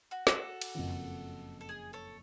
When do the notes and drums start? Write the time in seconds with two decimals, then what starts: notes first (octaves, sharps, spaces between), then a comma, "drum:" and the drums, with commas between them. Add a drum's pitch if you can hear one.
0.11 F#4
0.27 F#4 A4, drum: snare
0.61 drum: cymbal
0.75 F#1 F2 C#3 F3
1.61 A4
1.69 G#4
1.93 A4 C#5